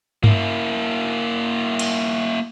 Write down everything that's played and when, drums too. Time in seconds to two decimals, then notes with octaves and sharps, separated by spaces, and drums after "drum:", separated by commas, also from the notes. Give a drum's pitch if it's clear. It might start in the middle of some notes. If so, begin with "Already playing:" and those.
0.24 A#3 E4, drum: tom G2
1.79 drum: cymbal